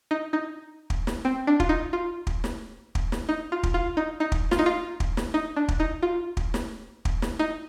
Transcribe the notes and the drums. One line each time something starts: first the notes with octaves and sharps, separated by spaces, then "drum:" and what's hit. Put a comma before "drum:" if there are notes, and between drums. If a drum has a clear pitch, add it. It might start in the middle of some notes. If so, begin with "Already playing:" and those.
D#4
D#4
drum: kick
drum: snare
C4
D4
F4, drum: kick
D#4
F4
drum: kick
drum: snare
drum: kick
drum: snare
D#4
F4
drum: kick
F4
D#4
D#4
drum: kick
F4, drum: snare
D#4
F4
drum: kick
drum: snare
D#4
D4
drum: kick
D#4
F4
drum: kick
drum: snare
drum: kick
drum: snare
D#4